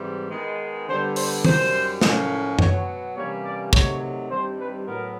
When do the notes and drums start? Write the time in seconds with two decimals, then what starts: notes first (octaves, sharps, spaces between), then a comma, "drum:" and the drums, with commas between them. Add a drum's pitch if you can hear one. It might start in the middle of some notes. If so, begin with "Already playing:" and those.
Already playing: G#2 E3 G3 C4
0.31 D#3 G#3 B3
0.88 D3 G3 B3 C5
1.16 C5, drum: open hi-hat
1.45 F#2 D#3 G3 C5, drum: tom D#3
2.01 A2 F3 A#3 C#4, drum: snare
2.59 B2 F#3 B3 C#5, drum: tom F#2
3.16 C3 E3 G3 A#3 C#4 C#5
3.45 D5
3.73 C3 D#3 F#3 A3 C#5, drum: kick
4.30 G2 D#3 G3 C4 C5
4.59 B4
4.87 A2 F#3 B3 A#4